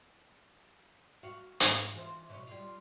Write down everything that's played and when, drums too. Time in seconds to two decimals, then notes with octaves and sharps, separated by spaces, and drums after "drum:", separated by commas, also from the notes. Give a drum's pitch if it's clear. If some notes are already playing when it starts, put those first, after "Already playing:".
1.23 F#4 F5
1.60 G#2, drum: hi-hat
1.93 E3 F4 C5
2.29 B2 B4 C#5
2.47 G3 F4